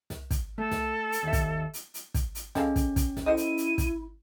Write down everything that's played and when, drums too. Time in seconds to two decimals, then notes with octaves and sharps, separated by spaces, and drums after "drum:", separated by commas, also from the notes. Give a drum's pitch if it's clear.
0.10 drum: snare
0.31 drum: kick, hi-hat
0.58 A3 A4
0.71 drum: snare
1.12 drum: hi-hat
1.23 D#2 E5
1.33 drum: kick, hi-hat
1.74 drum: hi-hat
1.94 drum: hi-hat
2.14 drum: kick, hi-hat
2.35 drum: hi-hat
2.55 G#3 C#4 A4 F5, drum: snare
2.76 drum: kick, hi-hat
2.96 drum: kick, hi-hat
3.17 drum: snare
3.26 E4 A4 C5 D#5 D#7
3.37 drum: hi-hat
3.57 drum: hi-hat
3.78 drum: kick, hi-hat